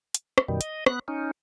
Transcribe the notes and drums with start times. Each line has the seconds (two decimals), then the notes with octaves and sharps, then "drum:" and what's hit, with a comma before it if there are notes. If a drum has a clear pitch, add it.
0.15 drum: hi-hat
0.38 drum: rim click
0.48 F#2 B2 D#3 G3
0.61 D#5, drum: hi-hat
0.86 B3 F#6, drum: rim click
1.08 C#4 D#4